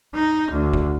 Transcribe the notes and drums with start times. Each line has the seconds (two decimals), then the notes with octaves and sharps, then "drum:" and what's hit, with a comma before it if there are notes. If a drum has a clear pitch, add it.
0.14 D#4
0.51 D2
0.74 drum: kick